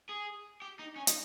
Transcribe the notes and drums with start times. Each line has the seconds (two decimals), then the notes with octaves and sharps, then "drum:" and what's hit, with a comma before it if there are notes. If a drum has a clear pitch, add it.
0.09 G#4
0.62 G4
0.79 D#4
0.96 C#4
1.07 D#4, drum: hi-hat